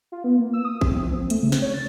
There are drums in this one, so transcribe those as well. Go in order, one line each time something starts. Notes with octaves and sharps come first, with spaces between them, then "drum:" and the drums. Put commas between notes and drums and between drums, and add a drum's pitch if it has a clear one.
F4
B3
A#3
E6
D#6
C4, drum: kick A1
F3
C4
A3, drum: hi-hat
C#3
drum: snare
C#5
A6